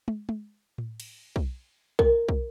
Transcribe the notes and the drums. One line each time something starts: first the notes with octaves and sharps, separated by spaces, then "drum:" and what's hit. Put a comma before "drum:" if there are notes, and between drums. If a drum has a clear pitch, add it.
drum: tom
drum: tom
drum: tom A2
drum: cymbal
drum: kick
A#4, drum: kick
drum: kick